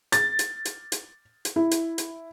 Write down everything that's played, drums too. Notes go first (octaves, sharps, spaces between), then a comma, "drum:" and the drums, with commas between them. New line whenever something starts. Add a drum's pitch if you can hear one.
A6, drum: hi-hat
drum: hi-hat
drum: hi-hat
drum: hi-hat
drum: hi-hat
E4
drum: hi-hat
drum: hi-hat